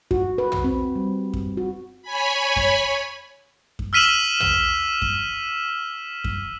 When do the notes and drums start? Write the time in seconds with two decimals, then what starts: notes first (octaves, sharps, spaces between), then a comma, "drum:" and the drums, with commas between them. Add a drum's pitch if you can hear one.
0.11 F#4, drum: kick F#2
0.38 B4
0.52 drum: tom
0.64 C4
0.96 G3
1.33 drum: kick F#2
1.57 F#4
2.02 C#5 G#5 B5
2.56 drum: kick F#2
3.79 drum: kick F#2
3.93 E6 F6 B6 D#7 E7 F#7
4.40 drum: tom
5.02 drum: kick F#2
6.24 drum: kick F#2